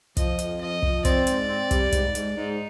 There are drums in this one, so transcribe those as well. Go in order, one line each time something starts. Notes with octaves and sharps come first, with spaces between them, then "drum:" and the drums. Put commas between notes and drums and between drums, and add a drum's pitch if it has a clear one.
F3 D#5, drum: kick, hi-hat
F2, drum: hi-hat
F3 D#5
F3, drum: kick
C4 D5, drum: kick, hi-hat
G#2, drum: hi-hat
C4
G3, drum: kick, hi-hat
G#2, drum: kick, hi-hat
G#2, drum: hi-hat
G#2 D#4